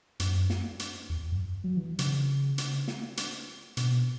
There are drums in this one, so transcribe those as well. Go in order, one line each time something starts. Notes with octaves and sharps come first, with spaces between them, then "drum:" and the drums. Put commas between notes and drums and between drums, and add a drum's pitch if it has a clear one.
F#2, drum: hi-hat
drum: snare
drum: hi-hat
E2
F#2
F#3
E3
C#3, drum: hi-hat
drum: hi-hat
drum: snare
drum: hi-hat
B2, drum: hi-hat